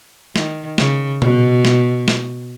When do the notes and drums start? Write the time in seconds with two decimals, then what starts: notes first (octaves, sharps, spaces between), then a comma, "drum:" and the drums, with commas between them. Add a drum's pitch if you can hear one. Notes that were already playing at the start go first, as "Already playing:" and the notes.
0.36 D#3, drum: snare
0.78 C#3, drum: snare
1.22 B2, drum: tom A#2
1.65 drum: snare
2.08 drum: snare